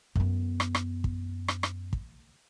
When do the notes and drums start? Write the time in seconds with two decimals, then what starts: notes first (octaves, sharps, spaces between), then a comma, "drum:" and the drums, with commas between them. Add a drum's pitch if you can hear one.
0.16 F#2 B3, drum: kick
0.60 drum: rim click
0.75 drum: rim click
1.04 drum: kick
1.48 drum: rim click
1.63 drum: rim click
1.93 drum: kick